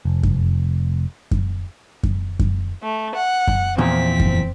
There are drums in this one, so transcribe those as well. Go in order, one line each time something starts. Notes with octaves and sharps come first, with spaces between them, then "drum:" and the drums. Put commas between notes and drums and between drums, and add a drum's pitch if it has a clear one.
F1
drum: kick F#2
drum: kick F#2
drum: kick F#2
drum: kick F#2
A3
F#5
drum: kick F#2
E2 A#2 F3 C4 B6
drum: kick F#2